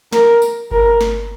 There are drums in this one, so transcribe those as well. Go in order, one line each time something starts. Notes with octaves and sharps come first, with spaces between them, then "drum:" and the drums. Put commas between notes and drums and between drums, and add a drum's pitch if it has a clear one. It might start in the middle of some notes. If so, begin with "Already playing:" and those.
A#4, drum: snare
drum: tambourine
A#4, drum: kick G1
drum: snare